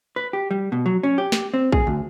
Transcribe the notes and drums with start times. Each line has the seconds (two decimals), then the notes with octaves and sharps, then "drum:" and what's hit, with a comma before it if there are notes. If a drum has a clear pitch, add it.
0.16 B4
0.33 G4
0.51 G3
0.72 B2
0.86 F#3
1.03 C#4
1.18 G4
1.32 drum: snare
1.54 C4
1.72 G#4, drum: kick A#1
1.87 D2